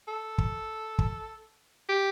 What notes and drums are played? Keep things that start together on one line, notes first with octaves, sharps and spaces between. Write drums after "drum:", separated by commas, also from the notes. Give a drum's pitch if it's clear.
A4
drum: kick
drum: kick
G4